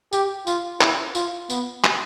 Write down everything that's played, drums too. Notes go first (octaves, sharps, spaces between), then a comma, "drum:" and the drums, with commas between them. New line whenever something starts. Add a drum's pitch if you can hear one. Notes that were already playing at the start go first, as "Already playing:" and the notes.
G4, drum: tambourine
F4, drum: tambourine
E4, drum: clap
F4, drum: tambourine
B3, drum: tambourine
drum: clap